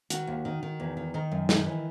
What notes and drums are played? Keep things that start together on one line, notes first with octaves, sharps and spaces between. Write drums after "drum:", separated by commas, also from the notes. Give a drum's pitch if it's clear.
D#3 F#4, drum: hi-hat
D#2
D#3
D#3
E2
D#3
D#3 A#4
F#2
D#3, drum: snare
E3